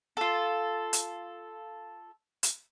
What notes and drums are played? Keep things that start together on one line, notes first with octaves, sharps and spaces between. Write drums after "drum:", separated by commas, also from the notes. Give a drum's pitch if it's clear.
F4 A4
drum: hi-hat
drum: hi-hat